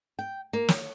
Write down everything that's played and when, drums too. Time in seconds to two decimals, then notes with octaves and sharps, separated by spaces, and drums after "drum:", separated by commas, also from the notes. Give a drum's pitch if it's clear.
0.19 G5
0.53 A#3
0.68 C#5, drum: snare